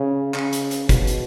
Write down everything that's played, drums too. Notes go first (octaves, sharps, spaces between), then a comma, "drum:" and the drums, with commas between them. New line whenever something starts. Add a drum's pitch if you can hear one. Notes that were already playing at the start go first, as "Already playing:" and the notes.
Already playing: C#3
C#3, drum: clap
drum: hi-hat
drum: hi-hat
B2, drum: kick, hi-hat
drum: hi-hat